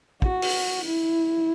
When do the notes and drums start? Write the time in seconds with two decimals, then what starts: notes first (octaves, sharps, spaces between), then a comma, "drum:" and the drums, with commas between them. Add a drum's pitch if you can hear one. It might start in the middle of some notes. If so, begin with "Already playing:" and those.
0.22 F#4, drum: kick
0.42 drum: open hi-hat
0.86 E4